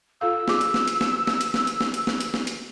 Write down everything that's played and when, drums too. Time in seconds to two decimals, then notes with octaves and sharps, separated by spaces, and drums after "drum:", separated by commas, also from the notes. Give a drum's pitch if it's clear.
0.21 F4 A4 F5 E6
0.48 F4 G#4 D6, drum: snare
0.61 drum: hi-hat
0.74 drum: snare
0.88 drum: hi-hat
1.01 drum: snare
1.27 drum: snare
1.41 drum: hi-hat
1.54 drum: snare
1.67 drum: hi-hat
1.81 drum: snare
1.94 drum: hi-hat
2.07 drum: snare
2.20 drum: hi-hat
2.34 drum: snare
2.47 drum: hi-hat